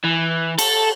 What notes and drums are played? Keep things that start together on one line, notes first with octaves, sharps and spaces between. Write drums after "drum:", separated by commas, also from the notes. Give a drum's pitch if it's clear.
E3
A4, drum: cymbal